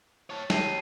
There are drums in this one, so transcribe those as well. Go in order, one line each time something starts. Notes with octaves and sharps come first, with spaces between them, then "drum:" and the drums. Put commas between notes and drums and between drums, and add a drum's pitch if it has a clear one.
C#5 A5
G4 C#5 A5 C7 D#7, drum: snare